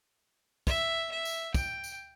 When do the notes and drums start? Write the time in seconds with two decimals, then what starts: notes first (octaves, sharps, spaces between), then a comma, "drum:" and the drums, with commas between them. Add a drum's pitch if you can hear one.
0.67 E5, drum: kick, tambourine
1.11 E5
1.25 drum: tambourine
1.54 G5, drum: kick, tambourine
1.84 drum: tambourine